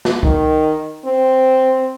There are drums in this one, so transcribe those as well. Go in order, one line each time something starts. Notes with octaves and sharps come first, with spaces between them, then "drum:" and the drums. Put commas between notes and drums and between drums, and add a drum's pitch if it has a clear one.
drum: snare
D#3, drum: kick C2
C4